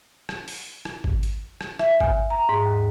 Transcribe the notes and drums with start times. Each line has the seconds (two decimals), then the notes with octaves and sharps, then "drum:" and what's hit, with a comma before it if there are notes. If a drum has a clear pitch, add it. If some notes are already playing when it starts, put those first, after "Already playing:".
0.29 drum: rim click
0.48 drum: open hi-hat
0.85 drum: rim click
1.04 drum: kick
1.23 drum: hi-hat
1.61 drum: rim click
1.79 E5, drum: rim click
2.00 G#5, drum: kick
2.30 A#5
2.49 G#2
2.66 D#2